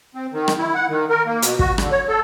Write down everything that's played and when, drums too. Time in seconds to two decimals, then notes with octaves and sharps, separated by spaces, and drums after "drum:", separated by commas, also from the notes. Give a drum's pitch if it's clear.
0.15 C4
0.33 D#3
0.48 drum: rim click
0.58 E4
0.75 F#5
0.89 D#3
1.10 A#4
1.26 A#3
1.42 B2, drum: hi-hat
1.59 F#4, drum: kick
1.78 D3, drum: rim click
1.91 C#5
2.09 A4